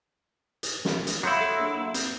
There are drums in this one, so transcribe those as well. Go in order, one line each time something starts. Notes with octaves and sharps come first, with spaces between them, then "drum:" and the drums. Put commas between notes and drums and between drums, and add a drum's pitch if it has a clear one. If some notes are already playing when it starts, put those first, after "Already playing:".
drum: hi-hat
drum: snare
drum: hi-hat
F#3 E4 F5 C6 D#6 F#6 G6 C#7
A4
A#3 D4
C4, drum: hi-hat